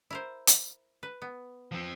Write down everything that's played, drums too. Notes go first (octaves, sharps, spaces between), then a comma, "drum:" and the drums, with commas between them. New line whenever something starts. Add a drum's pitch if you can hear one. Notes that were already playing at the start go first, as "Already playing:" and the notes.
E4 A#4 C5
drum: hi-hat
B4
B3
F3 C4